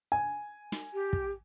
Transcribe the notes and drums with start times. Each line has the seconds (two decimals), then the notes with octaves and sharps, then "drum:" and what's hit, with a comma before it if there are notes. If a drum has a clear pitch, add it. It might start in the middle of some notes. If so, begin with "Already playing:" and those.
0.12 G#5
0.72 drum: snare
0.93 G4
1.13 drum: kick